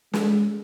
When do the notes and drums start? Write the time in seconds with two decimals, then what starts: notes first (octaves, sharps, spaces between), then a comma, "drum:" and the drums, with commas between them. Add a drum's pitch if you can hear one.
0.13 G#3, drum: snare